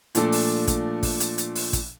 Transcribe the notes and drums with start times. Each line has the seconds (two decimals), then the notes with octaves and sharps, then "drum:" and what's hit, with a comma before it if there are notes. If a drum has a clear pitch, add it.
0.15 A#2 F3 A3 D4 A4, drum: hi-hat
0.32 drum: open hi-hat
0.67 drum: kick, hi-hat
1.03 drum: kick, open hi-hat
1.20 drum: hi-hat
1.38 drum: hi-hat
1.55 drum: open hi-hat
1.73 drum: kick, hi-hat